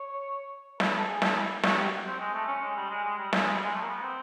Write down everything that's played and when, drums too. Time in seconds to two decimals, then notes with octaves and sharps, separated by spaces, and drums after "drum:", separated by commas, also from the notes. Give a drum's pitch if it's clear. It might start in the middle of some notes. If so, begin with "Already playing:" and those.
Already playing: C#5
0.80 B4, drum: snare
0.94 A4
1.08 G#4
1.22 A4, drum: snare
1.36 E4
1.63 F#4, drum: snare
1.78 G4
2.06 C4
2.20 G#3
2.34 A3
2.48 C#4
2.62 G#3
2.77 G3
2.90 G#3
3.04 G#3
3.18 G3
3.33 G#3, drum: snare
3.43 G#3
3.52 G3
3.63 G#3
3.74 A3
3.82 A#3
3.88 B3
4.02 C4